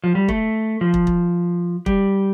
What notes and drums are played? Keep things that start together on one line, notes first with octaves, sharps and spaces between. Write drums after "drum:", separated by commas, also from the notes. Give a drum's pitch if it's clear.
F3
G3
A3, drum: kick
F3
drum: kick
drum: kick
G3, drum: kick